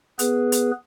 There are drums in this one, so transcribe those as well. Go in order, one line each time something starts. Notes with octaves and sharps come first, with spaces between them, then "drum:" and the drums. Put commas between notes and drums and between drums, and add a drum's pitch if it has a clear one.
B3 G#4 B4, drum: hi-hat
drum: hi-hat